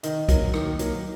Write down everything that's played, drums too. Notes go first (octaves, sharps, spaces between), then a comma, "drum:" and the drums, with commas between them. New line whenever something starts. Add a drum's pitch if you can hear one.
D#3 D#5, drum: hi-hat
F#3 A#3, drum: kick, hi-hat
D#3, drum: rim click
F#3 A#3, drum: hi-hat